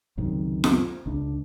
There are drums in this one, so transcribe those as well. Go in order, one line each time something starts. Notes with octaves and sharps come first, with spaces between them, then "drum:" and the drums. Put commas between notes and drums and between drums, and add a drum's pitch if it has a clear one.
C#2 F#2 C3 D#3
drum: snare F4
C#2 D4